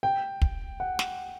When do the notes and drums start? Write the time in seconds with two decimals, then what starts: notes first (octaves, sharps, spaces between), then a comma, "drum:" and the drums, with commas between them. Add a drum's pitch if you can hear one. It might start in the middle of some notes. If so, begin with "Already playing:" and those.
0.03 G5
0.42 drum: kick
0.80 F#5
0.99 drum: snare